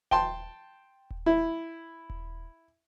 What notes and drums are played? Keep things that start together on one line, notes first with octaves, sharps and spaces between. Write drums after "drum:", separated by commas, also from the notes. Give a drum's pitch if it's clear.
G5 A5 C6, drum: kick D#1
drum: kick D#1
E4
drum: kick D#1